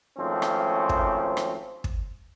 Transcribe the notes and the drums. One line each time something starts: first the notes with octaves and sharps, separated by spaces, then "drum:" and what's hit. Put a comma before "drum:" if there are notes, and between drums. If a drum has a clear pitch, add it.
G#1 F3 A3 C4 C#4
drum: rim click
drum: kick
drum: rim click
drum: kick